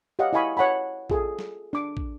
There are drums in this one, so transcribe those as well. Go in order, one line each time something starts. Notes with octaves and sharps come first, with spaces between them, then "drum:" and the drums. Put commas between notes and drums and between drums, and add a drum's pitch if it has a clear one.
G4 C#5 D#5 F5 F#5
E4 D#5 F5 G#5 B5 C#6
C#5 F#5 A5 B5
F4 G#4 A4, drum: kick
drum: snare
D4 D6
drum: kick